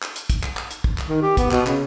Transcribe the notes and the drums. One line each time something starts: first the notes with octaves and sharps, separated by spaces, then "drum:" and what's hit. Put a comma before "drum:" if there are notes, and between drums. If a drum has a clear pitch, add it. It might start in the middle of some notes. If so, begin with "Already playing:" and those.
drum: clap
drum: hi-hat
drum: kick, hi-hat
drum: clap
drum: clap
drum: hi-hat
drum: kick
drum: clap
D#3
G4
B3, drum: kick, hi-hat
B2, drum: clap
C#3, drum: clap